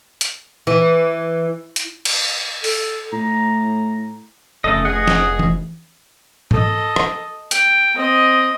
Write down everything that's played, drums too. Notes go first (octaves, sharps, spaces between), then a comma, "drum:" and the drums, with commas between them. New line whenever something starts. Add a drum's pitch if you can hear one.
drum: hi-hat
E3
drum: hi-hat
drum: cymbal
A4, drum: open hi-hat
A2 A#5
F1 C#3 A3 A4 D#5
G#4 D#5 F#5
drum: snare
drum: tom E3
A4 D#5, drum: tom G#2
drum: rim click
G5, drum: hi-hat
C4 D#5